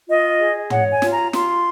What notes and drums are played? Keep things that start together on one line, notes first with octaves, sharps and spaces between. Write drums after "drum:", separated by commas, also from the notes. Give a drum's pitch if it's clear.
F4 D#5
G#4
C#5 F#5, drum: tom
G#5
F4, drum: snare
A#5
F4 C6, drum: snare